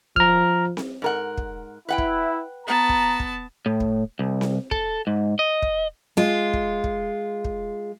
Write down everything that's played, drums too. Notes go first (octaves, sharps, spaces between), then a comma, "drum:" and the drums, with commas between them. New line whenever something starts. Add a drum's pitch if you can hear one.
F3 A#5 F6, drum: kick
drum: snare C4
G#2 A#4 F#5
drum: kick
E4 B4 F#5 G5
drum: kick
B3 A5 A#5
drum: kick
drum: kick
A2
drum: kick
C2
drum: snare C4
A4, drum: kick
G#2
D#5
drum: kick
G#3 F4
drum: kick
drum: kick
drum: kick